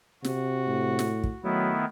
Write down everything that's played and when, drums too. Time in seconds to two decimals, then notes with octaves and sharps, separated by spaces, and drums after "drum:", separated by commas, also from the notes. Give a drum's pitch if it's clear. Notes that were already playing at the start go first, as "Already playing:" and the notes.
0.24 C3 F#4, drum: snare
0.67 A2
0.99 drum: snare
1.23 drum: kick
1.44 D#3 F#3 A3 B3 E4